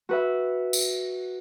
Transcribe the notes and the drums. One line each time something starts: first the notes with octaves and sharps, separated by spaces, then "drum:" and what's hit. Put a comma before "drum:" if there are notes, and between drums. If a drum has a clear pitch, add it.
F#4 B4 E5
drum: tambourine